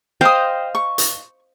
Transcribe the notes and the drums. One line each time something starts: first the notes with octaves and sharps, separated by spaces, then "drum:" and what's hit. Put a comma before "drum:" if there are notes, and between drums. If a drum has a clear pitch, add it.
C5 D#5 F5 G5 D#6
C#6
drum: hi-hat